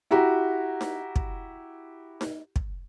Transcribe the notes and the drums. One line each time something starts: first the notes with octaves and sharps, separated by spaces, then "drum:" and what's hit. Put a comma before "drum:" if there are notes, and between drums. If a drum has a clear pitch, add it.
E4 F#4 G4 A#5
drum: snare D#4
drum: kick
drum: snare D#4
drum: kick